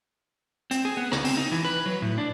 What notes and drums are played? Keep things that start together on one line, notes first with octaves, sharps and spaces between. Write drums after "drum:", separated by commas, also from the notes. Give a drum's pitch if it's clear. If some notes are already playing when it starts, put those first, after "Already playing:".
C4, drum: hi-hat
G#4
B3
C#2, drum: rim click
C4, drum: open hi-hat
D#4
E3
B4
F#3
A2
D4